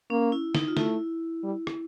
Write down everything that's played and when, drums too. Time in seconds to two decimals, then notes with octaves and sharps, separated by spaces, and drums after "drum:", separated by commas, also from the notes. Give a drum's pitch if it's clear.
0.10 A#3 C#4
0.32 E4
0.55 D#4, drum: snare
0.68 F4
0.77 A3 E4, drum: snare
1.43 G3
1.67 drum: rim click